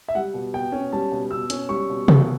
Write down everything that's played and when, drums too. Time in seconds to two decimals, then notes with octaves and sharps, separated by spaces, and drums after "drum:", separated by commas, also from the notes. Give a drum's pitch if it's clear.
0.08 E5
0.15 G3 F#5
0.34 B2
0.54 B2 G5
0.72 C#4
0.92 G3 A5
1.12 B2
1.31 B2 E6
1.50 C#4, drum: hi-hat
1.69 G3 C#6
1.89 B2
2.08 B2, drum: tom C3